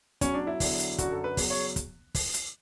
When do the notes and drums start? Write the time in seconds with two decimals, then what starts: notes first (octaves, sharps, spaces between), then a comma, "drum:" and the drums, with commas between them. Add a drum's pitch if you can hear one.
0.21 E2 B2 F#3 C#4, drum: kick, hi-hat
0.34 D4
0.47 E4
0.60 E2 D3 F#3, drum: kick, open hi-hat
0.79 drum: hi-hat
0.98 F#2 D3 F#3 F#4, drum: kick, hi-hat
1.11 A4
1.24 B4
1.37 E2 C#3 F#3, drum: kick, open hi-hat
1.50 C#5
1.76 drum: kick, hi-hat
2.15 drum: kick, open hi-hat
2.34 drum: hi-hat